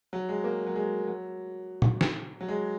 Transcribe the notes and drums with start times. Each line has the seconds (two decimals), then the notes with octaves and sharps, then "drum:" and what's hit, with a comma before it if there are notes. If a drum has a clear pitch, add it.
0.13 F#3
0.29 G#3
0.44 A#3
0.66 F#3
0.76 G#3
1.07 F#3
1.82 drum: tom
2.01 drum: snare
2.41 F#3
2.48 G#3